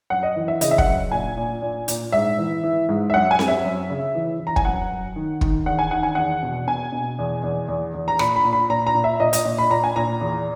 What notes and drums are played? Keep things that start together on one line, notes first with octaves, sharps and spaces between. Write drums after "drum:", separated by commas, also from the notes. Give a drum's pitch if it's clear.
F#2 F#5
D#5
E3
E5
C#3 D#5, drum: hi-hat
E5
F#5, drum: kick
F#2
A#2 G#5
A#2
A#2
A#2, drum: hi-hat
G#2 E5
E3
E3
G#2
E5
F#2 F#5
G#5
F#2, drum: snare C4
E5
F#2
C#3
E3
E3
A#5
G#5, drum: kick
F#2 F#5
F#2
D#3
D#3, drum: kick
E2 F#5
G#5
D#3 F#5
G#5
E2 F#5
B2
B2 G#5
B2
E2
E2
E2
E2
A#5
A#2 B5, drum: rim click
B5
A#2
B5
A#2 A#5
A#5
A#2
E5
A#2 D#5
D#5, drum: hi-hat
A#2
B5
A#2 A#5
G#5
A#2 A#5
E2